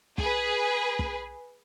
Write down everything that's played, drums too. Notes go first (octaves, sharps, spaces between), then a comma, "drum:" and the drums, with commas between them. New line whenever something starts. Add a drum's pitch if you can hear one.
G#4 B4, drum: kick
drum: kick